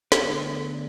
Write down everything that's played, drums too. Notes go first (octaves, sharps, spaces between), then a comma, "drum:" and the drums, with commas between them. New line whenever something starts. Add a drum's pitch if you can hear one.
B4, drum: snare
D2 D3 B3 A4 D5